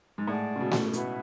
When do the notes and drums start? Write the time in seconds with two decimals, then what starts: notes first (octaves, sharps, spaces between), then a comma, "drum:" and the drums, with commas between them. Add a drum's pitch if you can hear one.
0.18 G#2
0.27 A2 G#4 D5 F#5 A5
0.56 C#3
0.60 B2
0.71 drum: snare A3
0.93 B2 E4 B4 F#5 B5, drum: hi-hat